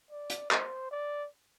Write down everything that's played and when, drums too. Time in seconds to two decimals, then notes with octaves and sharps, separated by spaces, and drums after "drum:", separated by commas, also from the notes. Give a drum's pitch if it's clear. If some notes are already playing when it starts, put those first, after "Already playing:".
0.11 D5
0.30 drum: hi-hat
0.51 C5, drum: clap
0.91 D5